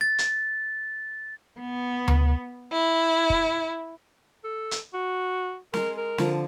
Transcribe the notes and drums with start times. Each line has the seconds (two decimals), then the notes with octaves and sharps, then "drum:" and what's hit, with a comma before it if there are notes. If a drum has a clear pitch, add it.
0.01 A6
0.18 drum: hi-hat
1.59 B3
2.08 drum: tom D2
2.73 E4
3.30 drum: kick
4.44 A4
4.71 drum: hi-hat
4.93 F#4
5.74 G#3 A#4 C6, drum: snare
5.97 A#4
6.18 D3 F3, drum: snare